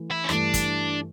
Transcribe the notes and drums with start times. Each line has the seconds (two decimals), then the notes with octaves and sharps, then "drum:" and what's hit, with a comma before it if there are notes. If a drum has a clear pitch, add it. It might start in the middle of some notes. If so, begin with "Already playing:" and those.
Already playing: E3 A3
0.11 E4
0.24 C#4
0.29 G2 E3 A3 D4, drum: rim click
0.54 drum: kick, hi-hat